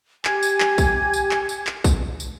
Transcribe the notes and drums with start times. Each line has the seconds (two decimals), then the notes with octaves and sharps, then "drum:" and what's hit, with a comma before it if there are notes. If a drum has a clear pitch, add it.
0.25 G4 G#5 G#6, drum: clap
0.43 drum: tambourine
0.60 drum: clap
0.78 drum: kick, tambourine
1.13 drum: tambourine
1.31 drum: clap
1.49 drum: tambourine
1.67 drum: clap
1.84 drum: kick, tambourine
2.20 drum: tambourine